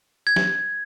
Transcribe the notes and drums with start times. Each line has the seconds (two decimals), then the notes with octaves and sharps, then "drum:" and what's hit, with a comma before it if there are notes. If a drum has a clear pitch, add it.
0.27 G#6
0.36 drum: snare